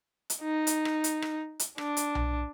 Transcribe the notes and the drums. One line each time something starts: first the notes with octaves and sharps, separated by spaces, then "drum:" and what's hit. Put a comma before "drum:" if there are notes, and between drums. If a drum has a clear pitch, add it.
drum: hi-hat
D#4
drum: hi-hat
drum: rim click
drum: hi-hat
drum: rim click
drum: hi-hat
D4, drum: rim click
drum: hi-hat
drum: tom B1